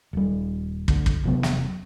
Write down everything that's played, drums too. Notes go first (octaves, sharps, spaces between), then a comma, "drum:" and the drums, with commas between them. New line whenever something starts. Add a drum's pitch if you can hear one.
D#1 G3
D2 D3, drum: kick
drum: kick
E1 C3 F#3 B3
drum: snare